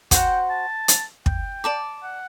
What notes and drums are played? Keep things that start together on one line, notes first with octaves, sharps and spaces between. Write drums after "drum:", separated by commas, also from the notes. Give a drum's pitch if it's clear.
F#4 C5 F#5 G5, drum: kick, hi-hat
A5
drum: hi-hat
G5, drum: kick
D5 A5 D6
F#5